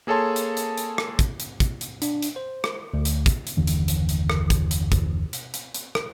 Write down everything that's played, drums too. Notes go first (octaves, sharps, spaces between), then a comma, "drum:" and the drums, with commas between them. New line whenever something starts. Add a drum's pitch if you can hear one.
A#3 G#4 A4 C#5 A5 C6
drum: hi-hat
drum: hi-hat
drum: hi-hat
drum: rim click
drum: kick, hi-hat
drum: hi-hat
drum: kick, hi-hat
drum: hi-hat
D4, drum: hi-hat
drum: hi-hat
C5
drum: rim click
D2
drum: hi-hat
drum: kick, hi-hat
drum: hi-hat
F#1 D#2 D3 E3
drum: hi-hat
drum: hi-hat
drum: hi-hat
drum: rim click
drum: kick, hi-hat
drum: hi-hat
drum: kick, hi-hat
drum: hi-hat
drum: hi-hat
drum: hi-hat
drum: rim click